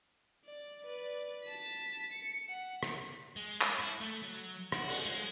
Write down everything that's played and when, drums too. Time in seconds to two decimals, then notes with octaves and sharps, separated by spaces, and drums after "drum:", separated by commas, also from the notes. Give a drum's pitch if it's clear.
0.45 D5
0.84 B4 D5
1.44 A5 B6
2.12 C#7
2.49 F#5
2.83 drum: rim click
3.36 G#3
3.61 drum: clap
3.80 E4
4.01 A3
4.22 F#3
4.72 F#4, drum: rim click
4.89 drum: open hi-hat
5.05 G#3